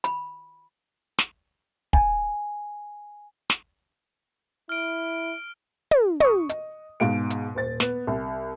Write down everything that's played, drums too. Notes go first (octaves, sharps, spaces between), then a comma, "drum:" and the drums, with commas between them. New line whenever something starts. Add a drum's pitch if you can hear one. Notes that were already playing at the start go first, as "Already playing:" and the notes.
B5, drum: hi-hat
drum: snare
G#5, drum: kick
drum: snare
E4 F6 D7
drum: tom
C#6 D#6, drum: tom
D#5, drum: hi-hat
G#2 B2 F5 D7
drum: hi-hat
D#1 C5 A6
B3, drum: snare
C2